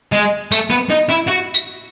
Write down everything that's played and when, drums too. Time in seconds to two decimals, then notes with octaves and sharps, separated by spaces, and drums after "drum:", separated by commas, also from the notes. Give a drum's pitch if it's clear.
0.12 G#3
0.52 A3, drum: tambourine
0.70 B3
0.90 D#4
1.10 E4
1.28 F#4
1.54 drum: tambourine